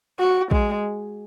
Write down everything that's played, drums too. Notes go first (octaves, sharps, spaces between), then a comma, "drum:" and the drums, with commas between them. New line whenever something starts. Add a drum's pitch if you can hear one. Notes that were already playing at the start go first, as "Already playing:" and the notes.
F#4
G#3, drum: kick A#1